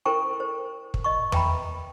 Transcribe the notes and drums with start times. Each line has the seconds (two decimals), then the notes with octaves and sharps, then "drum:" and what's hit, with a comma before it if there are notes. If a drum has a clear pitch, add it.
0.06 E4 A4 A#4 C5 G5 C#6
0.40 C5
0.94 drum: kick
1.04 D#5 C#6
1.32 B4 E5 G5 A#5 B5, drum: tom E2